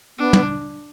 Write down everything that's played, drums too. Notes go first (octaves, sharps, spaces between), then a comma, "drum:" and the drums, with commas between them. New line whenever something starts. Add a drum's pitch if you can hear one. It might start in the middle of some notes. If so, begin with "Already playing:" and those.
B3 D4
drum: tom